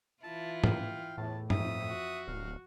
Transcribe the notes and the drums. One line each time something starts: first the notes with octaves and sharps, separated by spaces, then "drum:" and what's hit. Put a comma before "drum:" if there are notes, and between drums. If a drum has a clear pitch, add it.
E3 E4 F4 A5
F5 G5, drum: tom
E2 A2 A5
F2 E5 D#6, drum: tom G2
F#4
D1 F5